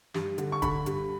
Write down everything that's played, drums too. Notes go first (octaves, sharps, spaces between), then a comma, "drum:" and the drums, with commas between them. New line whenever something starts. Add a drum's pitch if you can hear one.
G2, drum: snare
D3, drum: hi-hat
C#6
D3 B5, drum: kick E1, hi-hat
G2, drum: hi-hat